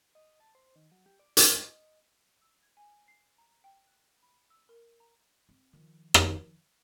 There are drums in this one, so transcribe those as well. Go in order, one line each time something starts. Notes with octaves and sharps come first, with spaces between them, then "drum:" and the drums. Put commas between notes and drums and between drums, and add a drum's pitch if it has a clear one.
D#5
A5
C5
D#3
F#3
G4
D5
drum: hi-hat
D#5
E6
G#6
G#5
C7
A#5
G5
F#6
B5
E6
A#4
A#5
C4
D#3 F3
drum: rim click